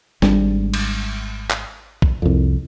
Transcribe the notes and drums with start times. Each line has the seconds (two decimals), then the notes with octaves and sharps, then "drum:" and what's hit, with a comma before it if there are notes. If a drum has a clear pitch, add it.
0.22 G#1 G#2 G3 D4, drum: snare
0.74 drum: cymbal
1.50 drum: clap
2.02 drum: kick A#1
2.22 C2 F2